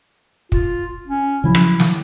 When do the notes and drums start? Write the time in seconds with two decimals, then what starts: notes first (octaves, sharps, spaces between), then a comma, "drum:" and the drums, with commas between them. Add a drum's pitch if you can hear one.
0.52 F4, drum: kick
1.07 C#4
1.44 C#3 F3 F#3 E4
1.55 drum: rim click
1.80 drum: snare